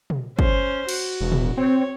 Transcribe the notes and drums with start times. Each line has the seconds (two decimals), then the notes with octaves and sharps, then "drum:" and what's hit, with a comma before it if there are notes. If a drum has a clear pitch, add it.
0.10 drum: tom
0.39 C#4 C5, drum: kick
0.89 F#4, drum: cymbal
1.21 E1
1.32 drum: tom
1.57 C4 C#5